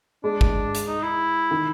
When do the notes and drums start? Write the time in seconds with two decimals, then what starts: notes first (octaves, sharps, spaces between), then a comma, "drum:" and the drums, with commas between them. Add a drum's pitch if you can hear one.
0.24 G#3 D4
0.41 drum: kick
0.75 drum: hi-hat
0.87 D#4
1.03 E4
1.51 D#3